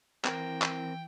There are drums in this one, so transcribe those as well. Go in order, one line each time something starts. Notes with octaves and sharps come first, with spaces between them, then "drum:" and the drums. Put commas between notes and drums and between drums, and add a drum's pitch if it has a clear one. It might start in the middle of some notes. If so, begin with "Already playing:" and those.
E3 C4 A#4 G5, drum: clap
drum: clap